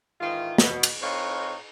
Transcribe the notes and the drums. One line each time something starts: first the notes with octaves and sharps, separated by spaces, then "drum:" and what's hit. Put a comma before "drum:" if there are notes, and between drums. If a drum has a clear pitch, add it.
G#2 D#3 E3 F4
B2, drum: snare
drum: cymbal
A2 C4 D#4 F4 B4 C#5